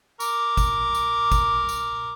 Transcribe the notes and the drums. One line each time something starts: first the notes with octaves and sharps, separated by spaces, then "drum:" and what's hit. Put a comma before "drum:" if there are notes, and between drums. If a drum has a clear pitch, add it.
A#4 D6, drum: tambourine
drum: kick G#1, tambourine
drum: tambourine
drum: kick G#1, tambourine
drum: tambourine